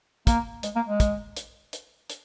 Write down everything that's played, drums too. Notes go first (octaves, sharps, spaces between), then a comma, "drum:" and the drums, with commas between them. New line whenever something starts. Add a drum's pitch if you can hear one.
A#3, drum: kick, hi-hat
G#3, drum: hi-hat
A#3
G#3
drum: kick, hi-hat
drum: hi-hat
drum: hi-hat
drum: hi-hat